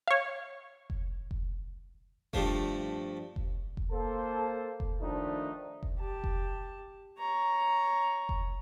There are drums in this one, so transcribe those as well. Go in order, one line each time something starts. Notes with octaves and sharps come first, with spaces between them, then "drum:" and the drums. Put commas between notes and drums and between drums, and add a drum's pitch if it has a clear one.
C#5 F5
drum: kick F1
drum: kick F1
G2 F3 A3, drum: kick F1
drum: kick F1
drum: kick F1
A#3 A4 C5
drum: kick F1
D#3 F3 A3 D4 D#4 B4
drum: kick F1
G4 A5
drum: kick F1
C#5 A#5
drum: kick F1